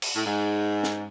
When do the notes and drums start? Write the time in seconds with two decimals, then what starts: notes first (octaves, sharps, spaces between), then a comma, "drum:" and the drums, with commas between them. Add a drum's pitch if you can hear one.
0.02 drum: cymbal
0.16 A2
0.26 G#2
0.84 drum: snare